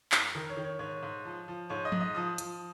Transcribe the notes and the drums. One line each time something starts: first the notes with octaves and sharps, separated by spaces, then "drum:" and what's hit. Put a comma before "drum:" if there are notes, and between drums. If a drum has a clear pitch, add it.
F2, drum: clap
D#3 A#4
C#5
D#3
C#5
G#2 C#5
G#2
F3
F3
G#2 C#5
D#5
G#2, drum: tom F3
D#5
F3 D#6
F3, drum: hi-hat